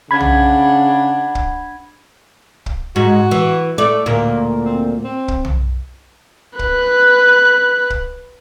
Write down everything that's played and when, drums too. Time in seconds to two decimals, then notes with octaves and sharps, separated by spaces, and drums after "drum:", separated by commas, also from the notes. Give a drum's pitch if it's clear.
0.11 C#3 D4 F#5 B5 G#6
0.20 drum: tom B1
1.35 drum: kick
2.66 drum: kick
2.96 G#2 F#4
3.31 E3
3.78 A3 D5
4.06 D2 A#2 A#3
4.63 C4
5.04 C4
5.28 drum: kick
5.45 drum: tom B1
6.59 B4 F#6, drum: kick
7.90 drum: kick